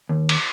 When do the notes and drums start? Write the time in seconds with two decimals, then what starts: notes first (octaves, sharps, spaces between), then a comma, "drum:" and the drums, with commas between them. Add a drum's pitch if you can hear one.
0.09 D#2
0.29 drum: cymbal